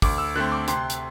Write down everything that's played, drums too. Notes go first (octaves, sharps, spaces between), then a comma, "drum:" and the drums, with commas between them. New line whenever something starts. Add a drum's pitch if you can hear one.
D2 D6, drum: kick, open hi-hat
E6
D3 A3 C4 F#6
D6
C3 C6, drum: hi-hat
drum: hi-hat